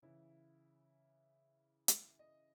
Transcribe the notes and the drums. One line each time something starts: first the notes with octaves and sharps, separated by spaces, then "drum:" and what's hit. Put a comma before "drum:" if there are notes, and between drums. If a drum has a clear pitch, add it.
C#3 E3 E4
drum: hi-hat
D#5